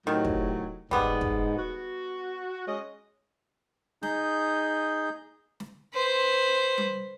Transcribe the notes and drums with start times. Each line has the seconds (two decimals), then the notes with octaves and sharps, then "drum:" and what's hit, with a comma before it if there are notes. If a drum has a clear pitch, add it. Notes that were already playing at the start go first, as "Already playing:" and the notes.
0.07 A2 C3 D#3 F#3
0.25 drum: kick
0.91 G#2 G3 B3, drum: kick
1.21 drum: kick
1.57 F#4
2.67 G#3 C#4 D#5
4.03 D#4 G#4 G6, drum: snare
5.60 drum: snare
5.94 B4 C5
6.78 drum: tom G3